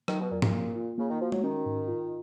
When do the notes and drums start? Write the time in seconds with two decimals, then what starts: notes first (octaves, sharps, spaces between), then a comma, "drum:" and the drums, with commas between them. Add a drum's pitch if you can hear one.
0.08 D#3 F#3, drum: rim click
0.20 B2
0.31 F2 A#2
0.42 A#2, drum: tom G#2
0.54 A#3
0.76 F4
0.98 C#3 A#3
1.10 D#3
1.21 F3 F#4
1.32 F#3, drum: tom G#3
1.43 D#3 C#4
1.66 G#2
1.88 F4